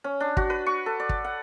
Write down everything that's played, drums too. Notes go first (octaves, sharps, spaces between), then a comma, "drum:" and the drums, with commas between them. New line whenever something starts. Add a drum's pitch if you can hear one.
C#4
D4
F#4, drum: kick
B4
C#6
A4
D5
drum: kick
F#5